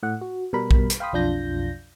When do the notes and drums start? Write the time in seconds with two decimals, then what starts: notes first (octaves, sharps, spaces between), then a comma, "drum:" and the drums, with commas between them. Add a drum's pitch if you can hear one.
0.03 A2 F#5
0.21 F#4
0.53 B2 G3 A#4 B5
0.71 drum: kick A#1
0.90 drum: hi-hat
1.00 F5 G5 B5 C6 D#6 B6
1.13 B1 F2 D4 F4 G6 A#6